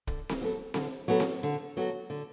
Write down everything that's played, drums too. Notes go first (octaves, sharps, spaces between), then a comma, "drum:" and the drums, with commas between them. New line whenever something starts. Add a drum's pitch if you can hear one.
D3, drum: kick
drum: snare C4
F#3 B3 F#4 A4
D3, drum: snare C4
F#3 B3 F#4 A4
drum: snare C4
D3
F#3 B3 F#4 A4
D3